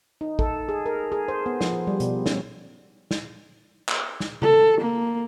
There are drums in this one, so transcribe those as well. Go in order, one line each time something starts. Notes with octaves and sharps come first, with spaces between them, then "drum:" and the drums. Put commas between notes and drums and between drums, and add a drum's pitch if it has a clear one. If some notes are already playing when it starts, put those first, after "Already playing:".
D#4
A4, drum: kick A1
G#4
A#4
G#4
C5
B3
F3, drum: snare
G3
B2, drum: hi-hat
C#4, drum: snare
drum: snare
drum: clap
drum: snare
A4, drum: tom C#3
A#3